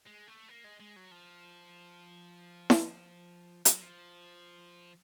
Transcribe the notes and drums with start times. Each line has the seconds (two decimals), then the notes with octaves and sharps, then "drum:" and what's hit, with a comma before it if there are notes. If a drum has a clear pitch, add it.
0.07 G#3
0.28 A3
0.49 A#3
0.64 G#3
0.80 G#3
0.96 F#3
1.12 F3
2.70 drum: snare E4
3.65 F3, drum: hi-hat
3.73 F#3
3.82 F3